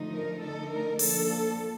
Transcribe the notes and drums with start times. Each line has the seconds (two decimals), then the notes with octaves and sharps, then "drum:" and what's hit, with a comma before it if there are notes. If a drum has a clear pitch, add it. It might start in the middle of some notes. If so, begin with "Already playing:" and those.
Already playing: D3 F3 A3 D#4
0.13 A#4
0.41 D3 A3 D#4 A4
0.71 A#4
0.99 F3 A#3 D4 A4, drum: open hi-hat